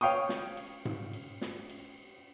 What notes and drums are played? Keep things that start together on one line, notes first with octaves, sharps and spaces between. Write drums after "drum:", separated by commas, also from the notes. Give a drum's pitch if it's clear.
C#5 F5 G5 C#6 D#6, drum: cymbal
drum: snare
drum: cymbal
drum: tom G#2
drum: cymbal
drum: snare
drum: cymbal